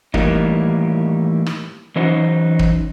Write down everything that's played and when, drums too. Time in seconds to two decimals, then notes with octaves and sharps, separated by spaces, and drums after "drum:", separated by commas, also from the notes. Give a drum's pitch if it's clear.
0.14 A2 D#3 E3 G3 A#3 D#4, drum: kick
1.46 drum: rim click
1.96 E3 F#3 C#4 D#4 F#4 C5
2.59 drum: kick